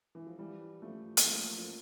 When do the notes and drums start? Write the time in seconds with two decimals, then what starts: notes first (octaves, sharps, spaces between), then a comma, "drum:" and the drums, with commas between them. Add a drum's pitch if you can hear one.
0.15 E3
0.27 F3
0.38 E3 G3
0.82 F3 A3
1.17 A#3, drum: hi-hat
1.26 F3 A3
1.58 F3